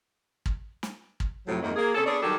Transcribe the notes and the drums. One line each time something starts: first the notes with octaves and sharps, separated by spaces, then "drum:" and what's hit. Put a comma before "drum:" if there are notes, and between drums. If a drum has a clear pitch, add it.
drum: kick
drum: snare
drum: kick
F2 A2 C3 F3 F#3
F2 G#2 D#3 F#3 A3 A#3
A#3 G#4
C3 C#4 G#4 A4
B3 D4 G#4 A4 C#5 D5
D#3 F#3 G3 G4 A4